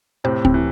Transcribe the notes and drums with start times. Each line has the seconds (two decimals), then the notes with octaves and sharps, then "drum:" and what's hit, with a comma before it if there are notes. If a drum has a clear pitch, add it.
0.24 A2 C3 C5
0.45 C4, drum: kick C#2
0.54 C3 E3